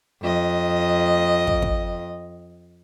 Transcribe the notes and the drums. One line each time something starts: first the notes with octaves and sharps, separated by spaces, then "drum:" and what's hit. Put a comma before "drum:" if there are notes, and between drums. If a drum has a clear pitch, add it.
F2 D#5
drum: kick
drum: kick